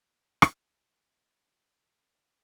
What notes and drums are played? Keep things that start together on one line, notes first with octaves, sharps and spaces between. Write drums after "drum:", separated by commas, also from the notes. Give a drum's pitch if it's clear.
A#3
drum: rim click
A3
G#3
A3
A#3